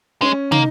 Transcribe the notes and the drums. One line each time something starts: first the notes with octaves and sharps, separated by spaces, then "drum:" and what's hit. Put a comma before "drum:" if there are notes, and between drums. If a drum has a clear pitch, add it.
G#3 C#4
A#3 D#4, drum: tom